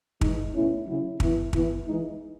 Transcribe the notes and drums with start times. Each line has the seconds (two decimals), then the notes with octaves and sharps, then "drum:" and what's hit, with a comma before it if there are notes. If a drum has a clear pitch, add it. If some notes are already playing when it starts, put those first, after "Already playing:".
0.21 E3 G#3 D#4, drum: kick
0.54 B2 A3 C#4 E4
0.87 C#3 F#3 C#4 E4
1.20 E3 B3 E4, drum: kick
1.53 E3 B3 E4, drum: kick
1.86 E3 G#3 D#4